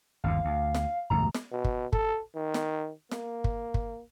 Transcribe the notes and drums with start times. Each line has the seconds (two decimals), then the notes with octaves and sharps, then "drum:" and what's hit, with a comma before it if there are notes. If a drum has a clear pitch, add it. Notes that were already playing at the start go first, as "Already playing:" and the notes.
0.24 G1 D#2 D3 F5
0.45 D2
0.75 drum: snare
1.10 E1 D2 G2 A#5
1.35 drum: snare
1.52 B2
1.64 drum: kick
1.93 A4, drum: kick
2.36 D#3
2.54 drum: snare
3.12 A#3, drum: snare
3.44 drum: kick
3.74 drum: kick